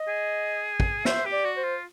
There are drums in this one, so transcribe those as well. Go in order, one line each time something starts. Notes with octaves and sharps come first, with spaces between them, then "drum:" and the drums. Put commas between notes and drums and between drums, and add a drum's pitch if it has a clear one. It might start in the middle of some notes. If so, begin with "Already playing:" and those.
Already playing: D#5
G#4
drum: kick
C5 E5, drum: snare
G4
D5
F#4
C5
F4